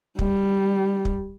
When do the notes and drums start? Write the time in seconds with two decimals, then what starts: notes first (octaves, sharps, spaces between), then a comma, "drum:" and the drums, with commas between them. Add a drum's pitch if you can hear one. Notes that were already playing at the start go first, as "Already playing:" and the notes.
0.19 G3, drum: kick
1.05 drum: kick